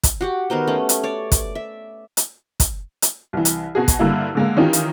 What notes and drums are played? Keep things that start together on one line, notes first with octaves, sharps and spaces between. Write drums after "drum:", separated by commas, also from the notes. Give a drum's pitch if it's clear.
drum: kick, hi-hat
F#4 G4 F#5
D#3 B3 A#4 C5
A3 C#4
drum: hi-hat
C#5 D5
D5, drum: kick, hi-hat
E5
drum: hi-hat
drum: kick, hi-hat
drum: hi-hat
C2 E3
drum: hi-hat
B2 F#4 G#4
drum: kick, hi-hat
G2 D3 A#3 E4
D3 G#3 A#3
D#3 E3 C#4 D#4 F4 G4
drum: hi-hat